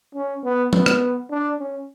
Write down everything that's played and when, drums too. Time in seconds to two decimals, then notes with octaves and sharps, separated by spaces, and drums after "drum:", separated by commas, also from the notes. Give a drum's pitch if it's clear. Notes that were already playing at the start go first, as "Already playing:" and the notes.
0.15 C#4
0.43 B3
0.73 B3, drum: tom F3
0.86 drum: rim click
1.30 D4
1.59 C#4